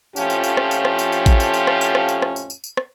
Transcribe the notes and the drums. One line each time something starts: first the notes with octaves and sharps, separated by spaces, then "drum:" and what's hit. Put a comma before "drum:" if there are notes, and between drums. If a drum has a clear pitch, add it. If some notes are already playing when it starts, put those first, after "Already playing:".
F2 A2 F3 C#4 F4 G4, drum: tambourine
drum: tambourine
drum: tambourine
drum: rim click
drum: tambourine
drum: rim click
drum: tambourine
drum: tambourine
drum: kick A1, tambourine
drum: tambourine
drum: tambourine
drum: rim click
drum: tambourine
drum: rim click
drum: tambourine
drum: rim click
drum: tambourine
drum: tambourine
drum: tambourine
drum: rim click